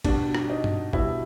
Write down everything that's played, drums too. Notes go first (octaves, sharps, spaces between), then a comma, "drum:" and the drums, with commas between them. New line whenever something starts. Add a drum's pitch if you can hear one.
B2 G3 D4, drum: kick G1, cymbal
drum: rim click
D#4
drum: tom G2
B2 G3 E4, drum: kick G1